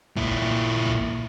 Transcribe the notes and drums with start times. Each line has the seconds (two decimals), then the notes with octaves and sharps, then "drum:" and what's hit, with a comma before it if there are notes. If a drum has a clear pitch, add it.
0.16 A#2 E4, drum: kick
0.86 drum: kick